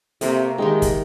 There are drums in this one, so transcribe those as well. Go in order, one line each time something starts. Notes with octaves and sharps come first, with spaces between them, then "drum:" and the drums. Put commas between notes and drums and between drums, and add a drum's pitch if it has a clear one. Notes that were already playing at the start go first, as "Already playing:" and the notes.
C3 A3 A#3, drum: hi-hat
D#3 G#3 D#4 G4
drum: kick, hi-hat